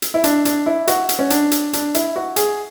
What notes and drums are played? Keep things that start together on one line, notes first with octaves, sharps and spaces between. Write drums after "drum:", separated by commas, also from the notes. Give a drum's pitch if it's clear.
drum: hi-hat
E4
D4, drum: hi-hat
D4, drum: hi-hat
E4
F#4, drum: hi-hat
drum: hi-hat
C#4
D4, drum: hi-hat
drum: hi-hat
D4, drum: hi-hat
E4, drum: hi-hat
F#4
G#4, drum: hi-hat